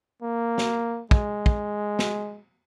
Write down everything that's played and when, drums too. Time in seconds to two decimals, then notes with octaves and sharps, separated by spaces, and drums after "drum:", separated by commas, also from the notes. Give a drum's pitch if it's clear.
0.22 A#3
0.58 drum: snare
1.11 G#3, drum: kick
1.46 drum: kick
1.99 drum: snare